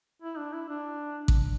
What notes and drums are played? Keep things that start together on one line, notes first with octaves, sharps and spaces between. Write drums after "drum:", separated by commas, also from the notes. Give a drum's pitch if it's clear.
E4
D4
E4
D4
drum: kick A1